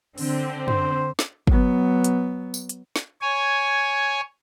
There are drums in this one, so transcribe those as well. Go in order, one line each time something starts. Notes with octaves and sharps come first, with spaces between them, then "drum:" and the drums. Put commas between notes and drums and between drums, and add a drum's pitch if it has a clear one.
D3 C4, drum: open hi-hat
C5, drum: tom
drum: snare
F#3 B3, drum: kick
drum: hi-hat
drum: tambourine
drum: hi-hat
drum: snare
C#5 G#5